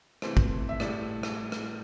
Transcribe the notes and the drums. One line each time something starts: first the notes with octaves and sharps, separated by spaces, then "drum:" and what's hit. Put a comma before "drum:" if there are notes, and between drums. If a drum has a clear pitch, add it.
C3 E3 A3 C5, drum: rim click
drum: kick
E5
A2 G3 D5, drum: rim click
drum: rim click
drum: rim click